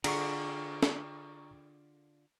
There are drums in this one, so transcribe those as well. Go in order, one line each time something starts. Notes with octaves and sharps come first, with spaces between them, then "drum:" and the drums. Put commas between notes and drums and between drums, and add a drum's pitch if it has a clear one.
D3 F4 G#4 D5 F#5 A#5 C#6, drum: cymbal
drum: snare